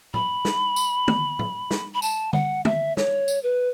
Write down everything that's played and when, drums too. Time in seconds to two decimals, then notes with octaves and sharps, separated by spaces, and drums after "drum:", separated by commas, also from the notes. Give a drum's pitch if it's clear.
0.14 B5, drum: tom
0.45 drum: snare
0.76 drum: tambourine
1.08 drum: tom
1.39 drum: tom
1.71 drum: snare
1.94 B5
2.02 A5, drum: tambourine
2.33 F#5, drum: tom D3
2.65 E5, drum: tom
2.97 C#5, drum: snare
3.28 drum: tambourine
3.43 B4